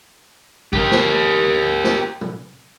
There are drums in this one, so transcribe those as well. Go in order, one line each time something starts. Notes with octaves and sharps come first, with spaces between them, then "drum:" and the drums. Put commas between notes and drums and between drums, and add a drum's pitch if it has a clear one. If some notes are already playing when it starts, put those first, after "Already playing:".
G4 A#4, drum: kick
drum: snare
drum: snare
drum: tom